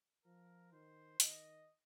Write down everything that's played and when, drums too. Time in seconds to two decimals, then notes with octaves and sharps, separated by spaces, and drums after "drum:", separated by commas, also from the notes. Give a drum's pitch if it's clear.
0.25 F3 A#4
0.72 D#3 C5
1.20 D#3 D#5, drum: hi-hat